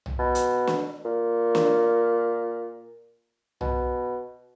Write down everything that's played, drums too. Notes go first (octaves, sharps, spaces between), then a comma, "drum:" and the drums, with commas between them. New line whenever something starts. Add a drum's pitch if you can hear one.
drum: tom
B2
drum: hi-hat
drum: snare
A#2
drum: snare
B2, drum: tom